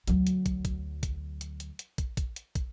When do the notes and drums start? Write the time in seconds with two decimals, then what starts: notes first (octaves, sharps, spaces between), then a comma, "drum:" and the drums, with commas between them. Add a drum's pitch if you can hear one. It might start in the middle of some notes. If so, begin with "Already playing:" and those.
0.08 D2 F#3, drum: hi-hat
0.27 drum: hi-hat
0.46 drum: kick, hi-hat
0.65 drum: kick, hi-hat
1.03 drum: kick, hi-hat
1.41 drum: hi-hat
1.60 drum: hi-hat
1.79 drum: hi-hat
1.98 drum: kick, hi-hat
2.17 drum: kick, hi-hat
2.36 drum: hi-hat
2.55 drum: kick, hi-hat